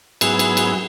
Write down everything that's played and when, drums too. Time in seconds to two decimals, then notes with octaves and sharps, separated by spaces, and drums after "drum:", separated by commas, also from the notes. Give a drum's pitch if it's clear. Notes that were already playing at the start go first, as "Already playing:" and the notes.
0.21 G#2 F#3 B3 E4 G#4, drum: cymbal
0.39 drum: cymbal
0.57 drum: cymbal